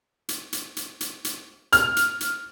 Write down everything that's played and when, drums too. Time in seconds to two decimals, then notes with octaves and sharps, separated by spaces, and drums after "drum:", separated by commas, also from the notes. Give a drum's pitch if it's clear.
0.29 drum: hi-hat
0.53 drum: hi-hat
0.77 drum: hi-hat
1.01 drum: hi-hat
1.25 drum: hi-hat
1.73 F6, drum: hi-hat
1.97 drum: hi-hat
2.21 drum: hi-hat